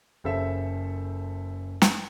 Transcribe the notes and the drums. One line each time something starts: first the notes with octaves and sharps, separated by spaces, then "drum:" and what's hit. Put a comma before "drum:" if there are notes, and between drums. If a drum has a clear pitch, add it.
F#1 C#3 A4 C5 E5
drum: snare